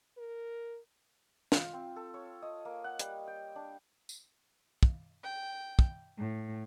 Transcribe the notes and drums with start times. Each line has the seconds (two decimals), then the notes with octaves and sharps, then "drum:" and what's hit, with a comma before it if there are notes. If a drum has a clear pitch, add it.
0.18 A#4
1.52 F4, drum: snare
1.73 C4
1.96 A4
2.14 C#5
2.42 D#5
2.65 A#3
2.84 F#5
2.99 G3, drum: hi-hat
3.27 G5
3.56 D4
4.09 drum: tambourine
4.83 drum: kick
5.22 G5
5.79 drum: kick
6.16 A2